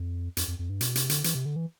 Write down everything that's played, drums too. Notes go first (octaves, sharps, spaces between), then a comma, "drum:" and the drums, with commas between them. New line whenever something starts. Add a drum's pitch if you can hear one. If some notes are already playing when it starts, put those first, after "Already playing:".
Already playing: F2
F2, drum: hi-hat
F2
F2
G2
B2, drum: hi-hat
C3, drum: hi-hat
D3, drum: hi-hat
E3, drum: hi-hat
C3
D3
E3